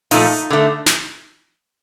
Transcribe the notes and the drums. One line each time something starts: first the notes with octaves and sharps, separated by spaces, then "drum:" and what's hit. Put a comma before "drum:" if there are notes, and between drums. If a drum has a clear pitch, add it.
A#2 F3 A3 D#4, drum: open hi-hat
D3 A3
drum: snare